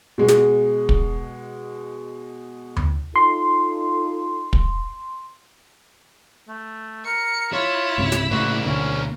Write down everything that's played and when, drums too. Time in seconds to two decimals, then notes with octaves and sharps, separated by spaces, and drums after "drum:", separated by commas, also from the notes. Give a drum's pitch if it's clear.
0.18 B2 G#3
0.28 drum: snare
0.89 drum: kick
2.77 drum: tom D2
3.16 D#4 F4 A4 C6
4.53 drum: kick
6.48 A3
7.05 A#4 C#7
7.53 E4 F4 C#5
7.98 C#2 G#2 C3
8.12 drum: snare
8.31 A2 C#3 A#3 D4 F#4
8.65 D2 B2 D3 C#4